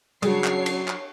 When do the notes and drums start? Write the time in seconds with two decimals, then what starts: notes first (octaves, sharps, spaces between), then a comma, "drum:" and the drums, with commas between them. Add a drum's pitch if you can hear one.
0.22 C#3 F#3 G3 D4 G#4 C#5 C7, drum: cymbal
0.44 drum: clap
0.66 drum: cymbal
0.88 drum: clap